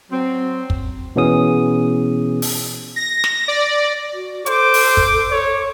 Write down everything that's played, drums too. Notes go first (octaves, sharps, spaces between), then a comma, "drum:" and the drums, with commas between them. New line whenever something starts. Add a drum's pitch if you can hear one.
F#3 C4
drum: kick
B2 E3 B3 C#4 G#4 D#6
drum: open hi-hat
A#6
drum: snare
D5
F#4
A4 C5 D6, drum: hi-hat
drum: open hi-hat
drum: kick
C#5